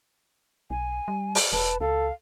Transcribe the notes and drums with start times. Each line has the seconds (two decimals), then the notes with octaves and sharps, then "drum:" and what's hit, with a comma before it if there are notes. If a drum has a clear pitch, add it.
0.70 B1 G#5
1.08 G3
1.35 drum: open hi-hat
1.52 E1 B4 A5
1.80 C#2 A4 F5